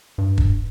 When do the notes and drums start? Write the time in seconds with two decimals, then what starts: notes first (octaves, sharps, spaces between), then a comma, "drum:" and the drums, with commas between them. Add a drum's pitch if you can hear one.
0.18 G2
0.38 drum: kick